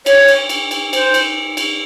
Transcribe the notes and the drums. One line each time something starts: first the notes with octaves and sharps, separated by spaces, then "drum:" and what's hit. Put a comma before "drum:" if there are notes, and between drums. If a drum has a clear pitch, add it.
C#5, drum: cymbal
drum: cymbal
drum: cymbal
drum: cymbal
C5, drum: cymbal
drum: cymbal
drum: cymbal